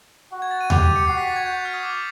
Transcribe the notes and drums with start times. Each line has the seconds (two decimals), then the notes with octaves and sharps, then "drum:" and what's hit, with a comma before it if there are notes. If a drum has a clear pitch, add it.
0.33 F#4
0.42 G#6
0.51 A6
0.61 D#7
0.70 G4 F7, drum: tom D#2
0.83 D#7
0.96 C#7
1.07 F#4 C7
1.18 B6
1.27 A6
1.36 G#6
1.46 F#4 G6
1.65 F6
1.74 D#6
1.83 D6